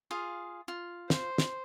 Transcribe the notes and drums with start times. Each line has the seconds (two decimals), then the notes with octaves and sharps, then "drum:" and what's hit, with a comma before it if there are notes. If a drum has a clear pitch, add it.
0.11 F4 G#4 F5
0.68 F4
1.10 C5, drum: snare
1.38 drum: snare